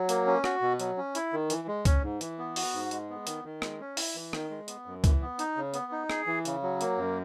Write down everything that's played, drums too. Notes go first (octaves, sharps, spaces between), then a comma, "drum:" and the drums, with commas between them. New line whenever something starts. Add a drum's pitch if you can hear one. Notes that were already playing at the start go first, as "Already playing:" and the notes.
Already playing: F#3
A#3, drum: hi-hat
C#4
F#4, drum: rim click
B2
F#3, drum: hi-hat
C#4
E4, drum: hi-hat
D#3
E3, drum: hi-hat
G#3
C#4, drum: kick C#2, hi-hat
G#2
E3, drum: hi-hat
B3
F#4, drum: open hi-hat
G#2
G#3, drum: hi-hat
B3
D#3, drum: hi-hat
D#3
G#3, drum: rim click
C#4
E4, drum: open hi-hat
E3
D#3, drum: rim click
G#3
B3, drum: hi-hat
F#2
E3, drum: kick C#2, hi-hat
B3
D#4, drum: hi-hat
C#3
B3, drum: hi-hat
D#4
G#4, drum: rim click
E3
C#3, drum: hi-hat
F#3
A#3, drum: hi-hat
F#2